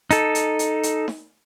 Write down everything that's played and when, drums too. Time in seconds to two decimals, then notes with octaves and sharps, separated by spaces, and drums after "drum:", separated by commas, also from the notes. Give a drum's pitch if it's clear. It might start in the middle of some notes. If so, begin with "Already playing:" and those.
0.11 D#4 A4, drum: hi-hat
0.35 drum: hi-hat
0.59 drum: hi-hat
0.83 drum: hi-hat
1.08 drum: snare D#4